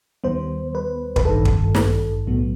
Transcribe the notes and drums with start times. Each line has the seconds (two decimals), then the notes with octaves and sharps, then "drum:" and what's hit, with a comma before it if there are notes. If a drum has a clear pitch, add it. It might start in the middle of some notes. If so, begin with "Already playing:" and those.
0.24 D#2 D#3 G3 B3 C5
0.75 B4
1.16 B4, drum: kick
1.25 A1 G2 D#3 A4
1.45 drum: kick
1.75 drum: snare
2.26 B1 A2 F#3 B3